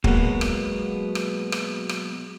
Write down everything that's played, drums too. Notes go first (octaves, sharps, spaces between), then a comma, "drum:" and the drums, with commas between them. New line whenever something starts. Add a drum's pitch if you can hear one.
B2 F#3 G#3 A#3 B3, drum: kick
drum: rim click
drum: rim click
drum: rim click
drum: rim click